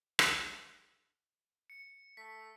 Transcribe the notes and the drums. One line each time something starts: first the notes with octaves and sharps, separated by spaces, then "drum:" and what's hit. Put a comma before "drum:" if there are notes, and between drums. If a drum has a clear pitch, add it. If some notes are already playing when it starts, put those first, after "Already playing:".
drum: rim click
C#7
A3 B6